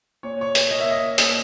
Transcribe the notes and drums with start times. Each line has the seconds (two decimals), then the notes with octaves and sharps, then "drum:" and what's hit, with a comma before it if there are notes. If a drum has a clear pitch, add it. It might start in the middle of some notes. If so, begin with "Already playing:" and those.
0.23 A#2 C#5
0.41 C#5
0.55 drum: hi-hat
0.71 A#3 D#5
0.80 E5
0.91 D#5
1.18 A#2, drum: hi-hat